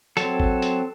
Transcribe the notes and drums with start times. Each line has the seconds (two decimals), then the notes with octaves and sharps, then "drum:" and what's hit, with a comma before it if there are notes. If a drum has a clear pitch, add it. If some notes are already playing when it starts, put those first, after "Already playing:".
0.17 F#3 C4 A4, drum: hi-hat
0.40 drum: kick G1
0.62 drum: hi-hat